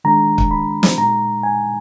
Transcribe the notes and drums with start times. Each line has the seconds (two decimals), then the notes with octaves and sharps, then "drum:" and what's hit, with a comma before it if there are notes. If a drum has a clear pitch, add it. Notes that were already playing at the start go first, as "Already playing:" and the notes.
0.04 D#3 G#3 D4 A#5
0.38 drum: kick
0.51 B5
0.83 drum: snare
0.98 A#2 G#3 D#4 A#5
1.43 G#5